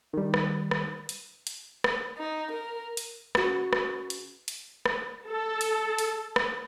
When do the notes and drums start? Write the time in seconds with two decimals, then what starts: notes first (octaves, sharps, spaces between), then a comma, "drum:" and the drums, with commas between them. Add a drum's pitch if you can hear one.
0.13 D#3 G3
0.34 drum: rim click
0.71 drum: rim click
1.09 drum: hi-hat
1.47 drum: hi-hat
1.84 drum: rim click
2.17 D#4
2.52 A#4
2.97 drum: hi-hat
3.35 C#3 F#4, drum: rim click
3.73 drum: rim click
4.10 drum: hi-hat
4.48 drum: hi-hat
4.86 drum: rim click
5.28 A4
5.61 drum: hi-hat
5.98 drum: hi-hat
6.36 drum: rim click